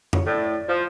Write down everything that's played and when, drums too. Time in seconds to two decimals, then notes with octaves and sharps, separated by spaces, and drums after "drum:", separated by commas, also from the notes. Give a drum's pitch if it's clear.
0.13 C#5, drum: tom F2
0.26 A2 D5
0.68 F3